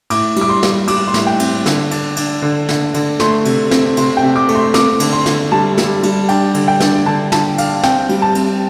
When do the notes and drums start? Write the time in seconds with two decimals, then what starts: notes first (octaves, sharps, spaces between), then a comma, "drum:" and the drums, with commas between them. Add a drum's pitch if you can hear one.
0.10 A2 D6, drum: cymbal
0.36 G3, drum: cymbal
0.41 D6
0.49 C6
0.63 G3, drum: snare
0.88 G3 D6, drum: cymbal
1.07 C6
1.14 A2, drum: snare
1.27 G5
1.40 C4, drum: cymbal
1.66 D3, drum: snare
1.91 D4, drum: cymbal
2.16 D4, drum: cymbal
2.42 D3
2.69 D3, drum: snare
2.94 D3, drum: cymbal
3.20 A3 C6, drum: snare
3.45 C3, drum: cymbal
3.71 C4, drum: snare
3.97 C3 C6, drum: cymbal
4.17 G5
4.23 C3
4.36 D6
4.49 A3, drum: cymbal
4.55 C6
4.74 C4 D6, drum: snare
5.00 D3, drum: cymbal
5.13 C6
5.26 D3, drum: snare
5.52 G3 A5
5.78 G3, drum: snare
6.03 G3, drum: cymbal
6.29 D4 G5, drum: cymbal
6.54 D3, drum: cymbal
6.68 G5
6.80 D4, drum: snare
7.06 D3 A5
7.32 D3 A5, drum: snare
7.58 D4 F5, drum: cymbal
7.83 C4 G5, drum: snare
8.09 G3, drum: cymbal
8.22 A5
8.35 C4, drum: cymbal